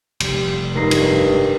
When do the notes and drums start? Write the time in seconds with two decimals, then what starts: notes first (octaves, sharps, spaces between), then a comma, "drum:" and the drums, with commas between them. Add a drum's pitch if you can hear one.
0.20 F1 G3, drum: cymbal
0.75 C#2 G2 D#3 A#4 A#5 A#6 C7
0.91 drum: cymbal